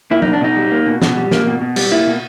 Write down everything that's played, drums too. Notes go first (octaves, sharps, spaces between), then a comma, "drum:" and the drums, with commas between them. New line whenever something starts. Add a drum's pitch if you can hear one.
A#3 E4
B2 D#4, drum: tom F#3
D4
B2 D#4
G3
A#3
B2
B2, drum: snare
G3
A#3, drum: snare
B2
B2
G3, drum: cymbal
A#3 E4
B2